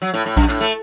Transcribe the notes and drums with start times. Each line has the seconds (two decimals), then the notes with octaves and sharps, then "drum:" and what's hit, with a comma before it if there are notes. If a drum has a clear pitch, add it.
0.02 F#3
0.14 A2
0.26 A2
0.37 F#2, drum: kick A#1
0.48 A2, drum: clap
0.61 A3